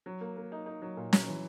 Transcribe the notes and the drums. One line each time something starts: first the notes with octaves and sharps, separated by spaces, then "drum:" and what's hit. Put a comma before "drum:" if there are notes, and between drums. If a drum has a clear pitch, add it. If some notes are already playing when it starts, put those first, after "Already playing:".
F#3
A#3
A#3
D#4
D#4
F#3
A#2
F#3, drum: snare
E3